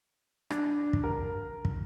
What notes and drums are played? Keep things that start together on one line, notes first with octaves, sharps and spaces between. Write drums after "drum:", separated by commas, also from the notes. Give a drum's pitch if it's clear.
D4, drum: rim click
drum: kick
A#4
drum: kick